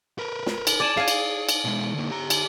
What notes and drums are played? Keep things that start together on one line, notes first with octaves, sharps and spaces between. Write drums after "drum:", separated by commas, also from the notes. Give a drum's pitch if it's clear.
A#4 B4
drum: snare
drum: cymbal
D5 G#5 A5
G#4 F5 G#5
drum: cymbal
drum: cymbal
B2 G#3
D3 A#3
G4 A#5
drum: cymbal